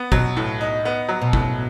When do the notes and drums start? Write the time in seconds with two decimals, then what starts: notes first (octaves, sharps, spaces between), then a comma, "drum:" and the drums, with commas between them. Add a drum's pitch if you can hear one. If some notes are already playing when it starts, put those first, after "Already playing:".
Already playing: B3
0.12 B2 F#3, drum: kick
0.37 A2
0.61 D#4
0.85 B3
1.09 F#3
1.22 B2
1.33 A2, drum: kick